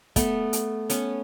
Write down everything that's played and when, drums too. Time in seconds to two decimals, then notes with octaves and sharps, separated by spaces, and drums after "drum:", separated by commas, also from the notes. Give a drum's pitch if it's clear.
0.16 A3 B3, drum: kick, hi-hat
0.53 drum: hi-hat
0.90 B3 C#4, drum: hi-hat